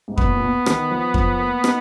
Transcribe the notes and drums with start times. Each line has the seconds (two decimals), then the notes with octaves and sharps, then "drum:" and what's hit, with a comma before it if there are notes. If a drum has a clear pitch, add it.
0.08 G#2
0.18 A#2 B3, drum: kick F2
0.36 A#2
0.42 B2
0.66 D#3, drum: rim click
0.91 F3
1.14 F3, drum: kick F2
1.38 A#3
1.64 D#4, drum: rim click